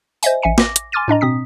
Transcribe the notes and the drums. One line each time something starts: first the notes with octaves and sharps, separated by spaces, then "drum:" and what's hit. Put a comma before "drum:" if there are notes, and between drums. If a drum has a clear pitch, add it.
C5 D#5 E5 G#5, drum: tambourine
A1 E5 G#5 C#7
D6 A#6, drum: snare
drum: hi-hat
G#5 C6 D6 F6 A6 D#7
A2 D4 D#5 A#5
B2 C4 D#6 B6